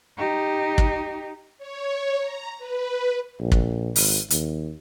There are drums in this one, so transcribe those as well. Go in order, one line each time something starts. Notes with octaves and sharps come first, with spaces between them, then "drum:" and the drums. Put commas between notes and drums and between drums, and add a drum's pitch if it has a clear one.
D#4 G4
drum: kick
C#5
A#5
B4
A#1
drum: kick
G#1, drum: open hi-hat
D#2, drum: hi-hat